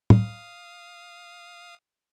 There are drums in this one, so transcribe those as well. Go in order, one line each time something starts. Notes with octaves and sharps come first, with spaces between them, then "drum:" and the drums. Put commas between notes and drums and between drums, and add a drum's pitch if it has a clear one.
F5 D#6, drum: tom